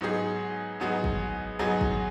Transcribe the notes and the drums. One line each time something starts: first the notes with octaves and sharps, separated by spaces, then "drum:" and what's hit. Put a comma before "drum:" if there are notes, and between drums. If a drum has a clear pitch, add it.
G#2 F#3 B3 D#4 G#4
G#2 F#3 B3 D#4 G#4
drum: kick
G#2 F#3 B3 D#4 G#4
drum: kick